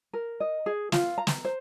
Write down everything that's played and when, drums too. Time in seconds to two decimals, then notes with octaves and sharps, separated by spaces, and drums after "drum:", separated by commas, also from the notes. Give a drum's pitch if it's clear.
0.13 A#4
0.40 D#5
0.66 G#4
0.92 F4, drum: snare
1.18 A#5
1.27 drum: snare
1.45 C5